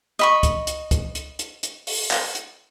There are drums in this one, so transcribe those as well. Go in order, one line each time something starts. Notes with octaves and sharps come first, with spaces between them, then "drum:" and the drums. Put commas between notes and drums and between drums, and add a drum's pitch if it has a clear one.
D#5 B5 C#6
drum: kick C#2, hi-hat
drum: hi-hat
drum: kick C#2, hi-hat
drum: hi-hat
drum: hi-hat
drum: hi-hat
drum: open hi-hat
drum: clap
drum: hi-hat